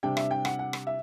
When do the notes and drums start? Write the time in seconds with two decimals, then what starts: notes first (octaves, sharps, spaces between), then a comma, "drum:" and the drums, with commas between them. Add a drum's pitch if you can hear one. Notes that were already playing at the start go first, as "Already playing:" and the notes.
0.03 C3 G3 D4 G5
0.17 E5, drum: rim click
0.31 G5
0.45 F#5, drum: rim click
0.59 F#5
0.73 drum: rim click
0.87 E5